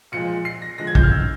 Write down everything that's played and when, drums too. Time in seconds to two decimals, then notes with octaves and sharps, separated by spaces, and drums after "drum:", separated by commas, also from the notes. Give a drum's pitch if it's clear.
0.12 A#2 F3 G#3 C#7
0.45 C7
0.62 A#6
0.78 D3 F3 G#3 A#6
0.87 G#6
0.95 G6, drum: kick
1.03 F6
1.12 E6